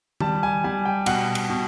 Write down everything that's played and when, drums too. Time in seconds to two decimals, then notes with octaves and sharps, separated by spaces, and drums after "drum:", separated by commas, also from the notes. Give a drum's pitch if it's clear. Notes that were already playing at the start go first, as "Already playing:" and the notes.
0.20 G3 A5, drum: tom D#3
0.43 G#5
0.64 G3 G#5
0.85 G5
1.06 B2 F#5, drum: cymbal
1.35 drum: cymbal
1.50 B2